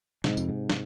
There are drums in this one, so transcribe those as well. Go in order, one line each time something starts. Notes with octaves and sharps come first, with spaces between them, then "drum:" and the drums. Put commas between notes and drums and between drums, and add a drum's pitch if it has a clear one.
G#2 C3 G#3 D#4, drum: snare
F2, drum: tambourine
G#2
drum: snare